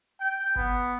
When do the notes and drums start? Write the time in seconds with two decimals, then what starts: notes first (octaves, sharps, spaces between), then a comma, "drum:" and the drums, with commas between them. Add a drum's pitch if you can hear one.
0.20 G5
0.56 B3, drum: kick F#1